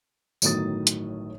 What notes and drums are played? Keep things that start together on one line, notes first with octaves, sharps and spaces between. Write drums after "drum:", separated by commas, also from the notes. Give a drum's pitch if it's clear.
G1 A2 D#3 F#3 D#6 A6, drum: tambourine
drum: hi-hat